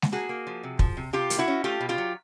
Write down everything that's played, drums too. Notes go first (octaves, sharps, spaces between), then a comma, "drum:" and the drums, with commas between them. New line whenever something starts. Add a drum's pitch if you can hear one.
drum: snare G#3
A#3 F#4 G#4
A#3
F3
C3
F3, drum: kick
C3
C3 F4 G4
A#3, drum: hi-hat
E4 F#4
C#4
A3 F4 G4
B2
F4 G4
F#3